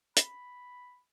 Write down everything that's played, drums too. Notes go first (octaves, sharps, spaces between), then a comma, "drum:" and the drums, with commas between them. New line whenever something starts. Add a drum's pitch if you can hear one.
B5, drum: hi-hat